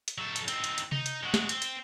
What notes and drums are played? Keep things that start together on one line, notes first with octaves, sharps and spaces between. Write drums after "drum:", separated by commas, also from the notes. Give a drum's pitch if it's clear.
drum: hi-hat
F#3 A4
drum: hi-hat
C4 D#4, drum: hi-hat
drum: hi-hat
drum: hi-hat
D#4, drum: tom C3
drum: hi-hat
G#3 F#4
drum: snare
C4, drum: hi-hat
drum: hi-hat